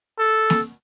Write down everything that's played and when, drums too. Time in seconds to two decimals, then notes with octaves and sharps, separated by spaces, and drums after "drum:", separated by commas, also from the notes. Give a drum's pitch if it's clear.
0.19 A4
0.50 drum: snare A#3